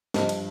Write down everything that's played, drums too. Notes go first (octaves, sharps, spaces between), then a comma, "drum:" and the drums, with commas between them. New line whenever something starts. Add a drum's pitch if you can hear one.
G2 F3 C5 D#5, drum: snare
drum: cymbal